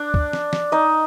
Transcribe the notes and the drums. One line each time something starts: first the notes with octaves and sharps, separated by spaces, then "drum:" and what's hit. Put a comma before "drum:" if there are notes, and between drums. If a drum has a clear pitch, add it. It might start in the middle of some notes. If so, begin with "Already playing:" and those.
Already playing: D4 D5
drum: kick
drum: snare
drum: snare
D#4 D#5